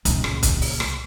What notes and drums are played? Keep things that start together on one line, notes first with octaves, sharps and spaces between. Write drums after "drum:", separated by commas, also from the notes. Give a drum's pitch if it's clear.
C#2 A#2, drum: hi-hat
drum: rim click
drum: kick, hi-hat
drum: open hi-hat
drum: rim click